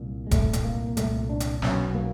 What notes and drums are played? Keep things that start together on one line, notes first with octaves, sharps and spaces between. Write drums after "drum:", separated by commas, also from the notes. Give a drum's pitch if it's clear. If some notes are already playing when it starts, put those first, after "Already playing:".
Already playing: C2 A#2
G#3
C2 A#2 A3, drum: kick E1, hi-hat
drum: hi-hat
A#3
C2 A#2 A3, drum: hi-hat
D4
drum: hi-hat
B1 B2 C#4, drum: snare
A#3